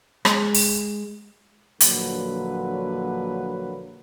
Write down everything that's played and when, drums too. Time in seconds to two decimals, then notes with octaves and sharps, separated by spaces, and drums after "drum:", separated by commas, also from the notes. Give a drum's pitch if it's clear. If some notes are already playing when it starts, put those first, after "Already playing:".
0.25 G#3, drum: rim click
0.55 drum: open hi-hat
1.81 A#1 D3 F#3 A#3 B4, drum: hi-hat